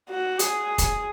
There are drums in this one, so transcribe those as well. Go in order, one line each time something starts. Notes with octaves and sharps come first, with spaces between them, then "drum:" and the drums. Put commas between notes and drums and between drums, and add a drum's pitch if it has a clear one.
F#4
G#4, drum: hi-hat
drum: kick, hi-hat